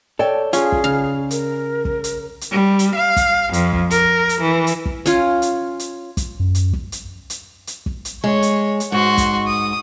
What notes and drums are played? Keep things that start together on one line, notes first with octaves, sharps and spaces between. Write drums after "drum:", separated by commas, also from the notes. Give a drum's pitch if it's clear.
A4 C#5 D5 G5
C#4 F4 G#4, drum: hi-hat
drum: kick
C#3 F5
A#4, drum: hi-hat
drum: kick
drum: hi-hat
drum: hi-hat
G3
drum: hi-hat
F5
drum: kick, hi-hat
F2, drum: hi-hat
drum: kick
A#4, drum: hi-hat
drum: hi-hat
E3
drum: hi-hat
drum: kick
C#4 F4, drum: hi-hat
drum: hi-hat
drum: hi-hat
drum: kick, hi-hat
F#2
drum: hi-hat
drum: kick
drum: hi-hat
drum: hi-hat
drum: hi-hat
drum: kick
drum: hi-hat
G#3 C#5
drum: hi-hat
drum: hi-hat
G#2 F#4 C6
drum: kick, hi-hat
D#6